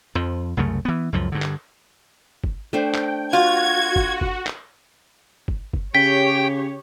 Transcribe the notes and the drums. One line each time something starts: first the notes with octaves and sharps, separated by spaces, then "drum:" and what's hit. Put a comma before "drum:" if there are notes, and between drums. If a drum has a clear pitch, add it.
F2 F3
C2 F#2 C#3 A3
E3 B3
C#2 F#2 F3
G2 D3
drum: clap
drum: kick
A3 D4 C5 G5
drum: clap
F4 F#4 G#6
drum: kick
drum: kick
drum: clap
drum: kick
drum: kick
C#3 G4 C#5 G5 B6